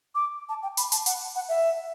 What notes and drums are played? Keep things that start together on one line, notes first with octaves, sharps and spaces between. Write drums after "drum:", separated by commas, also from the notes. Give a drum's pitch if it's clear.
D6
A5
G5
B5, drum: hi-hat
A5, drum: hi-hat
F#5, drum: hi-hat
F#5
E5